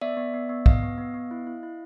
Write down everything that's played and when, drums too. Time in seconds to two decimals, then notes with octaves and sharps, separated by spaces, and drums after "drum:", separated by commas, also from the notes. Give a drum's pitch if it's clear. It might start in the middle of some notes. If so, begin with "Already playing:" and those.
0.01 B3 D5 E5
0.17 B3
0.34 B3
0.49 B3
0.66 B3 D#5 F5, drum: kick
0.83 B3
0.98 B3
1.14 B3
1.31 E4
1.47 E4
1.63 E4